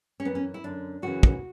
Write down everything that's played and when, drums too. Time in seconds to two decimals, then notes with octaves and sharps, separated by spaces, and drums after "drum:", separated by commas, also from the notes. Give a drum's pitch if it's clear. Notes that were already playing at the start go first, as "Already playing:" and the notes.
0.20 C#4
0.25 F#2 E3 B3
0.35 C#4
0.54 E4
0.64 F#2 D3 D4
1.02 F#2 C#3 E3 F#4
1.23 drum: kick